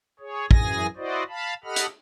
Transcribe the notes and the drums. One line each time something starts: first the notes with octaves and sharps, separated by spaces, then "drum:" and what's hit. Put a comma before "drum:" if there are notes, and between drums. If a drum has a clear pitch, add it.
G#4 C#5
F#2 E3 G#4 G#5 A#6, drum: kick
E4 F#4 C5 D5 D#5
F5 A5 B5
G4 A4 D#5 F#5 B5 F6
drum: hi-hat